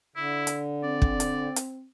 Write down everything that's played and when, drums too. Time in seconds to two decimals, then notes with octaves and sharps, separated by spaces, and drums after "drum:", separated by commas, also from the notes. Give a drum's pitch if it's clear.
0.16 D3 E4
0.47 drum: hi-hat
0.83 C4 D5
1.02 drum: kick
1.20 drum: hi-hat
1.56 drum: hi-hat